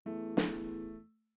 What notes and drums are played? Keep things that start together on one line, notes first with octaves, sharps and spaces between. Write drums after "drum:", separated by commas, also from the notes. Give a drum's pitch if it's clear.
E2 A3
drum: snare